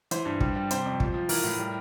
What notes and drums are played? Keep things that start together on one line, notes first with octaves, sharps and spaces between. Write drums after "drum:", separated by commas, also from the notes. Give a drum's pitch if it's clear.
E3 C5, drum: hi-hat
G2
G3, drum: kick
G3
C3 C5, drum: hi-hat
F2
F3, drum: kick
F3
E3 A#4, drum: open hi-hat
A2
G3